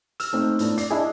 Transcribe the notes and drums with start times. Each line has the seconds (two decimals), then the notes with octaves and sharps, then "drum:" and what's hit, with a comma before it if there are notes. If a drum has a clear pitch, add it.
0.20 E6 F6, drum: hi-hat
0.33 A3 C4 D#4
0.59 A2 B3 D4, drum: hi-hat
0.78 D5 C7, drum: hi-hat
0.91 D4 E4 G#4 D#5